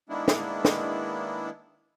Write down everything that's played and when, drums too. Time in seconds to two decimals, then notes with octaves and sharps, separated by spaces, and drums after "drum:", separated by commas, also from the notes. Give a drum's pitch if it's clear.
0.09 D#3 G#3 A#3 B3 D4 E4
0.28 drum: snare
0.65 drum: snare